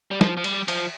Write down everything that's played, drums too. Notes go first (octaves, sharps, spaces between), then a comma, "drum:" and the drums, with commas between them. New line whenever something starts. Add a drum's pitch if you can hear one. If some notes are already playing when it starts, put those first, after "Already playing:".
G3
F3, drum: snare
F3
G3, drum: cymbal
F3, drum: cymbal